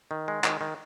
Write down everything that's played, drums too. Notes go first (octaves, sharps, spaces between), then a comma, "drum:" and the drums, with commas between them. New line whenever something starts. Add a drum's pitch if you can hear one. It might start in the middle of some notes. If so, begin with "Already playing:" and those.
D#3
G#3
D#3, drum: clap
D#3